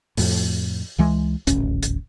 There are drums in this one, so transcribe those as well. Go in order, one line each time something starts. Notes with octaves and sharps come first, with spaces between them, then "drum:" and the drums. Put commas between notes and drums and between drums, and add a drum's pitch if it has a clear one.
F2 A2, drum: open hi-hat
C#2 E3 G#3
D#1 A1 D2 C#4, drum: hi-hat
drum: hi-hat